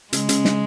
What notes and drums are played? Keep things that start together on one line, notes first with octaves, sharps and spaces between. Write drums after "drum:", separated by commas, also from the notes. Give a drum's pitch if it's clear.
C#3 G#3, drum: hi-hat
C#3, drum: hi-hat
C#3, drum: snare